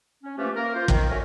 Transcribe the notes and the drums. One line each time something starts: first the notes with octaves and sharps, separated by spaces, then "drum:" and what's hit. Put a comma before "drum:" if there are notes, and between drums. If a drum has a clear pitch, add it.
C#4
F3 A3 A#3 C#4 G4 B4
A#3 A#4
F4 C5
D#3, drum: kick
C#4 F#4 A4 A#4 C#5 E5